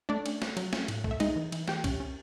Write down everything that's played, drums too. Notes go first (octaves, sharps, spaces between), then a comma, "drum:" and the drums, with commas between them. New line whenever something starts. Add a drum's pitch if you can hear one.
A3 D4 D5
C#4, drum: cymbal
C#4, drum: snare
F#3, drum: cymbal
C#4, drum: snare
A2, drum: cymbal
A3, drum: kick B1
E5
G#3 D#4 D#5, drum: cymbal
E3
E3, drum: cymbal
E3 G4 G5, drum: snare
C#4, drum: kick B1, cymbal
C#4